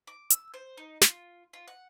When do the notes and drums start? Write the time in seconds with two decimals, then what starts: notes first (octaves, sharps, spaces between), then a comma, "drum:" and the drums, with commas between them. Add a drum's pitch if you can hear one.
0.07 D6
0.30 E6, drum: hi-hat
0.54 C5
0.77 D#4
1.01 F4, drum: snare
1.53 F4
1.68 F#5